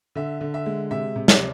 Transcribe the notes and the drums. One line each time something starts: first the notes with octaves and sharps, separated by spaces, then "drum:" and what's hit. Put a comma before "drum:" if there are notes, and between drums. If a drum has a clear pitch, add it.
D3 E5
D3
E5
G#3
C3 E5
C3
D5, drum: snare